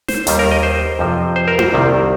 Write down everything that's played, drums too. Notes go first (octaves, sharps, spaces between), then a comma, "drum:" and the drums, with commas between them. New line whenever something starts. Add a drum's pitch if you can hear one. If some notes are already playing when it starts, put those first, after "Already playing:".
C5, drum: snare
D#2 D#3 G3, drum: hi-hat
A#4
D#5
C5
F2 C3 F3
C5
A#4
C5, drum: tom E4
C2 C3 D#3 G3